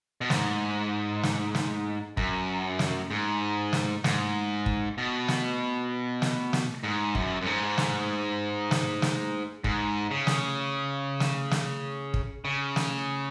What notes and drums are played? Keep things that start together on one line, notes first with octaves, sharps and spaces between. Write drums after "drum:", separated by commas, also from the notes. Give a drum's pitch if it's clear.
B2
G#2, drum: snare
drum: snare
drum: snare
F#2, drum: kick
drum: snare
G#2
drum: snare
G#2, drum: snare
drum: kick
B2
drum: snare
drum: snare
drum: snare
G#2
F#2, drum: kick
F#2
G#2
drum: snare
drum: snare
drum: snare
G#2, drum: kick
C#3
drum: snare
drum: snare
drum: snare
drum: kick
C#3
drum: snare